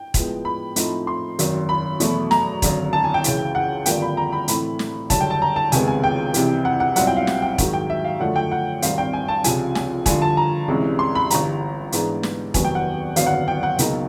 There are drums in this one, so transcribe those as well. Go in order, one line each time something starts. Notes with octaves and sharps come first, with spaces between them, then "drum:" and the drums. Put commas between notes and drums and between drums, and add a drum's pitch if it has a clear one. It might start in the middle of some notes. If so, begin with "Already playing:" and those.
Already playing: G5
A2 F3 G#3 B3, drum: kick E1, hi-hat
B5
A2 F3 A3 C4 D#4, drum: hi-hat
C6
G#1 F#2 D#3, drum: hi-hat
B5
E2 B2 F#3 A3, drum: hi-hat
A#5, drum: snare
G#1 F#2 D3, drum: kick E1, hi-hat
A5
G#5
G5
C#2 C#3 E3, drum: hi-hat
F#5
G#1 G2 D3 F3 A#3 G5, drum: hi-hat
B5
A#5
B5
A2 E3 A3 C4 B5, drum: hi-hat
drum: snare
F#1 F#2 D3 G3 A5, drum: kick E1, hi-hat
G5
A5
A#5
A5
C#2 C3 D#3 G#3 B3 G#5, drum: hi-hat
G#5
G5
C2 C3 E3, drum: hi-hat
F#5
F#5
B1 A#2 G3 C4 E4 F#5, drum: hi-hat
G5
F5
drum: snare
G5
G#2 D#3 F#3, drum: kick E1, hi-hat
G5
E5
F5
F#2 D3 F3 A3 F#5
G5
F#5
G#1 G2 D#3 G3 C4 F5, drum: hi-hat
G5
G#5
A5
C#2 C3 F3 G#5, drum: hi-hat
G#5, drum: snare
G2 D3 F3 G#5, drum: kick E1, hi-hat
A5
A#5
C2 C3 E3 G#3 C#4
C6
B5
G1 G2 E3 A#5, drum: hi-hat
G#2 E3 G#3 B3 D4, drum: hi-hat
drum: snare
F1 D#2 D#3 F#3 B3 G#5, drum: kick E1, hi-hat
G5
F#5
G#1 F#2 D3 F#3 B3 F5, drum: hi-hat
F#5
G5
F#5
C#2 B2 F#3 A#3 D#4, drum: hi-hat